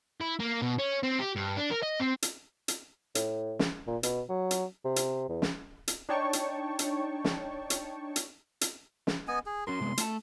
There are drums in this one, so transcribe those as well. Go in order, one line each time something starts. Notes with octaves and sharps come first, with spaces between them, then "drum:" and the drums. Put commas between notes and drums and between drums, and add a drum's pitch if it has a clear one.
E4
A#3
B2
C#4
C4
G4
G2
D4
A#4
D#5
C4
drum: hi-hat
drum: hi-hat
A2, drum: hi-hat
drum: snare
A#2
B2, drum: hi-hat
F#3
drum: hi-hat
C3
drum: hi-hat
E2
drum: snare
drum: hi-hat
D4 D#4 C#5 G5 A5 C#6
drum: hi-hat
drum: hi-hat
drum: snare
drum: hi-hat
drum: hi-hat
drum: hi-hat
drum: snare
B3 D#5 G#5
G#4
C#4 F#4 A#4 C6
C3 G#3 B3
A3 A5, drum: hi-hat